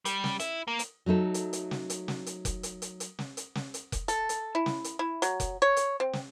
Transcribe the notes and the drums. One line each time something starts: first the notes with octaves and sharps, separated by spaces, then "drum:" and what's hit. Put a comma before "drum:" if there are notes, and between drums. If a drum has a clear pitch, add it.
G3, drum: hi-hat
drum: snare
E4, drum: hi-hat
A#3
drum: hi-hat
F#3 A3 D#4 A4
drum: hi-hat
drum: hi-hat
drum: snare
drum: hi-hat
drum: snare
drum: hi-hat
drum: kick F1, hi-hat
drum: hi-hat
drum: hi-hat
drum: hi-hat
drum: snare
drum: hi-hat
drum: snare
drum: hi-hat
drum: kick F1, hi-hat
A4, drum: hi-hat
drum: hi-hat
E4
drum: snare
drum: hi-hat
E4
F#3, drum: hi-hat
drum: kick F1, hi-hat
C#5
drum: hi-hat
C4
drum: snare